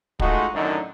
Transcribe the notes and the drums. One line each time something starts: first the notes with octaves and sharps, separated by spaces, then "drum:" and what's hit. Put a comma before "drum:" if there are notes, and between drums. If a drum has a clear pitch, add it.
G#3 A3 D#4 F4 F#4, drum: kick
F#2 A2 D3 D#3 D#4